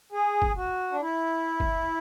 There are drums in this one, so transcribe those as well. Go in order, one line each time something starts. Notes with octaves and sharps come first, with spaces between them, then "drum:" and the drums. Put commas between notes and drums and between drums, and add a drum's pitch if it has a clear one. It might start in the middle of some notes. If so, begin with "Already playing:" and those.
G#4
drum: kick
F#4
D4
E4
drum: kick